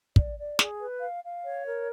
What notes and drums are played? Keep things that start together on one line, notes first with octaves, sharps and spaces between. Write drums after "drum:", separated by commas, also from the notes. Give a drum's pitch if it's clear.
D5, drum: kick
D5
G#4, drum: snare
B4
F5
F5
C#5
A#4